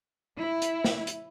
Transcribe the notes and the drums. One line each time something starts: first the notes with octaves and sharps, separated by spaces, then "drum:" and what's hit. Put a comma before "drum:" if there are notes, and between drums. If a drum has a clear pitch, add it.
E4
drum: hi-hat
drum: snare
drum: hi-hat